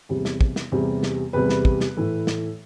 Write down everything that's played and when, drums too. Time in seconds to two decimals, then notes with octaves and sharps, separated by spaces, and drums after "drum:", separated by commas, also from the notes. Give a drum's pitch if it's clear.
0.09 E2 C3 G3
0.25 drum: snare
0.41 drum: kick
0.56 drum: snare
0.72 E2 C3 G3
1.03 drum: snare
1.33 E2 C3 G3 B4
1.49 drum: snare
1.65 drum: kick
1.80 drum: snare
1.96 A2 E3 A3
2.27 drum: snare